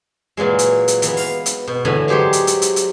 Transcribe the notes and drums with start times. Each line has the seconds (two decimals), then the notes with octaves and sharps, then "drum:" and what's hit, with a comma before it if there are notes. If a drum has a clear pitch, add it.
0.37 A#2 E3 F#3 G#3
0.59 drum: hi-hat
0.88 drum: hi-hat
1.02 E3 B3, drum: hi-hat
1.17 F5, drum: open hi-hat
1.46 drum: hi-hat
1.67 B2
1.85 A2 D3 E3 G#5 B5
2.08 F#3 G#3 G4 C5 C#5
2.33 drum: hi-hat
2.47 drum: hi-hat
2.62 drum: hi-hat
2.76 drum: hi-hat